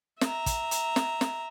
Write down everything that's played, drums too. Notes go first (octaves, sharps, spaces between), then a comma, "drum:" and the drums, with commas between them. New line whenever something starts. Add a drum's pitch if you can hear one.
E5 A#5, drum: snare
drum: kick, hi-hat
drum: hi-hat
drum: snare
drum: snare